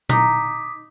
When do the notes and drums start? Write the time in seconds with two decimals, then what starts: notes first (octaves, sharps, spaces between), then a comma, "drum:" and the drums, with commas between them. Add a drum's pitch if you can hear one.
0.09 D#4 D6 D#6 B6, drum: tom A#2